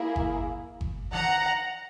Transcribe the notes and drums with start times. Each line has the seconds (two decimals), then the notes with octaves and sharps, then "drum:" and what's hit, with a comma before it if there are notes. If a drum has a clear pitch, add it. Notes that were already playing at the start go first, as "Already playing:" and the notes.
Already playing: A#3 E4 G#4
0.16 drum: kick G1
0.81 drum: kick G1
1.13 F#5 A#5, drum: snare